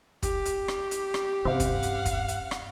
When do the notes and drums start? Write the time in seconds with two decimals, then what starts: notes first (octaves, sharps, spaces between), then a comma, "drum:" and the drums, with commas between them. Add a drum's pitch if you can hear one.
0.23 G4, drum: kick, hi-hat
0.45 drum: hi-hat
0.68 drum: rim click
0.91 drum: hi-hat
1.14 drum: rim click
1.45 G2 C3 C4 C#4 F5 F#5
1.60 drum: kick, hi-hat
1.83 drum: hi-hat
2.05 drum: kick, hi-hat
2.28 drum: hi-hat
2.51 drum: rim click